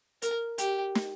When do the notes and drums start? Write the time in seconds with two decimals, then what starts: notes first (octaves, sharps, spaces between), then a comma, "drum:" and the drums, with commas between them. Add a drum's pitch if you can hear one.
0.22 A#4, drum: hi-hat
0.58 G4, drum: hi-hat
0.95 drum: snare